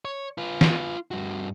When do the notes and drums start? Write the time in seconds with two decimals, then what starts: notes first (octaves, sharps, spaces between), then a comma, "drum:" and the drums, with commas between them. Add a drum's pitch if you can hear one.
0.05 C#5
0.38 F4 B4
0.61 drum: snare
1.11 G2 F#4